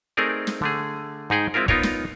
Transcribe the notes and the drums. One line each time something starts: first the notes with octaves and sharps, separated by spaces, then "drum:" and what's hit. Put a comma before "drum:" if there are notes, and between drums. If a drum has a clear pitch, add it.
A3 C4 D#4 G#4 A#4 D5
drum: snare
D3 A3 G#4
G#2 D#4 G#4 G5
G#3 C4 E4 F4 A#4
B3 D#4 F4 A#4 C#5, drum: kick
drum: snare